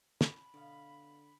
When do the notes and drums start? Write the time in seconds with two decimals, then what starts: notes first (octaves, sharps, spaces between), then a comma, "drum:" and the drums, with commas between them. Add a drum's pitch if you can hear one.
0.21 B5, drum: snare
0.54 B2 D3 F5